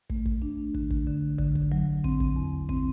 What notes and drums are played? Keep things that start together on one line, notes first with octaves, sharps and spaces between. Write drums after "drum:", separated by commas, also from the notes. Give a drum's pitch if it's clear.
A3, drum: kick
drum: kick
D4
D3, drum: kick
drum: kick
D3
D3, drum: kick
drum: kick
F#3
C4, drum: kick
drum: kick
E2
C4, drum: kick